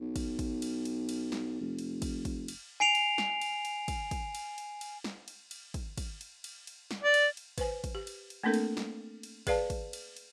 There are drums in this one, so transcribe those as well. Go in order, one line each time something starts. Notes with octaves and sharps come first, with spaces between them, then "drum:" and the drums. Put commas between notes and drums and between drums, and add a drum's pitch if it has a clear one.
B1
drum: kick, cymbal
drum: kick, cymbal
drum: cymbal
drum: cymbal
drum: cymbal
drum: snare
F1
drum: cymbal
drum: kick, cymbal
drum: kick, cymbal
drum: cymbal
G#5 C7 D7 F7
drum: cymbal
drum: snare
drum: cymbal
drum: cymbal
drum: kick, cymbal
drum: kick, cymbal
drum: cymbal
drum: cymbal
drum: cymbal
drum: snare
drum: cymbal
drum: cymbal
drum: kick, cymbal
drum: kick, cymbal
drum: cymbal
drum: cymbal
drum: cymbal
drum: snare
D5
drum: cymbal
drum: cymbal
B4 C5 G#5, drum: kick, cymbal
drum: kick, cymbal
G4
drum: cymbal
drum: cymbal
A3 A#3 C4 D4 A4 A#4
drum: cymbal
drum: snare
drum: cymbal
G#4 B4 D5 F5 A5, drum: kick, cymbal
drum: kick, cymbal
drum: cymbal
drum: cymbal